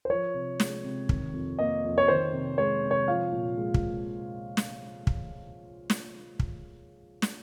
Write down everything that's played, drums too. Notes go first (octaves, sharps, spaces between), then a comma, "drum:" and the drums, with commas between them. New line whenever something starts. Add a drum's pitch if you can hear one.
C5
F3 C#5
C3
G#3, drum: snare
C3
D#3, drum: kick
F2
A#3 D#5
F2
C#5
D#3 C5
C3
G#3 C#5
C3
C#5
F3 F5
A#2
G#3
drum: kick
drum: snare
drum: kick
drum: snare
drum: kick
drum: snare